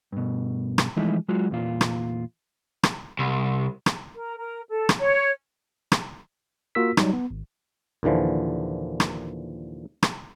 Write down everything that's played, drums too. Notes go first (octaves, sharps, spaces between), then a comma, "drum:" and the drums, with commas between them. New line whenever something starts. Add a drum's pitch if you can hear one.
G2 B2
drum: rim click
E3 F3 G#3 A3 D#4 E4
F#3 G#3 F4 F#4
E2 A#2 F4
drum: rim click
drum: rim click
C2
drum: rim click
A#4
A#4
A4
drum: rim click
C#5
drum: rim click
A#3 F4 F#4 A#4 E6 B6
F#3 G3 D#4, drum: rim click
B3
G#1
D#2 A#2 D3 E3 F3
drum: rim click
drum: rim click